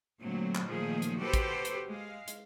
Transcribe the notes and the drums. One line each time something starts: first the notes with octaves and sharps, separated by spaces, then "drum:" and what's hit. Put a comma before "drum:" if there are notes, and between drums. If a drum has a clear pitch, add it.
A#2 D3 F#3 A3 C4
drum: clap
A#2 D#3 F3 F#3 A3 G#4
drum: hi-hat
F#4 G4 A4 B4 C5
drum: kick, hi-hat
drum: hi-hat
G#3 F5
drum: hi-hat